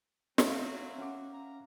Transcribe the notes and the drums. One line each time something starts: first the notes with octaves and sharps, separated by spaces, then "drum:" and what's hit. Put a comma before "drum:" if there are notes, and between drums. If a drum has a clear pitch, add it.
F#3 C4 E5 F5, drum: snare
C#4 F#5 D6
A#5